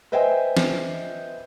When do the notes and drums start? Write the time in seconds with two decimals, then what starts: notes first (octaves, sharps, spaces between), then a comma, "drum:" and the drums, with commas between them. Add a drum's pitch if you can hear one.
0.12 B4 C5 D#5 E5 G5 G#5
0.57 drum: snare